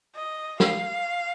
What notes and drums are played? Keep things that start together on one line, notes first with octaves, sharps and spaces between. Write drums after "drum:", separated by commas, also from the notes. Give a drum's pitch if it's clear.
D#5
F5, drum: snare